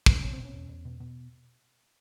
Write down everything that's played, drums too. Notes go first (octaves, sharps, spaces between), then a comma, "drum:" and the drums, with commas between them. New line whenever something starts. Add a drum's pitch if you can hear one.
drum: kick
B2 C#4
B2 C4
C#4
E2
E2
B2
B2